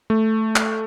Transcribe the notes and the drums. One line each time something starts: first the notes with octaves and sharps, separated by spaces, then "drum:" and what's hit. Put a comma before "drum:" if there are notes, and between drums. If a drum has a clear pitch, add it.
A3
drum: clap